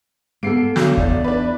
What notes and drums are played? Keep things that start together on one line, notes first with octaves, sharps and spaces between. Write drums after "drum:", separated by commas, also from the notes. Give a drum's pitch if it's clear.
A#3 B3 A4 C7 D7
B1 D3 F#3 G6, drum: snare
E2 D5, drum: kick
D4 B4